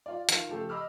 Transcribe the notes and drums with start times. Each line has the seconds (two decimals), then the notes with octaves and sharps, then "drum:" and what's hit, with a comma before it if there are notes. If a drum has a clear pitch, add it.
0.06 F4 D5
0.29 D#3 F4 F5 C7 E7, drum: hi-hat
0.49 C#3 F3 A3 G4 A4
0.69 D#5 B5 D6 E6 F6